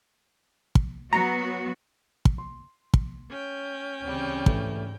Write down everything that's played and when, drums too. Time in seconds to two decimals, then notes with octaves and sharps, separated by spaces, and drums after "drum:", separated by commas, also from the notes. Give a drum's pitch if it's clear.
0.75 drum: kick
1.13 F#3 B3 F#4 A#5
2.25 drum: kick
2.38 C6
2.94 drum: kick
3.29 C#4 G5
4.03 D2 C#3 E3 G3 C4
4.46 G#2 D3 E3 A3, drum: kick